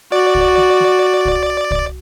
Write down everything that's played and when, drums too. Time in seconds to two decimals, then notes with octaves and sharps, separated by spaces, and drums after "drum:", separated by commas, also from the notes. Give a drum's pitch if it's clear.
0.12 F#4 D5
0.35 drum: kick
0.57 drum: snare
0.80 drum: snare
1.25 drum: kick
1.71 drum: kick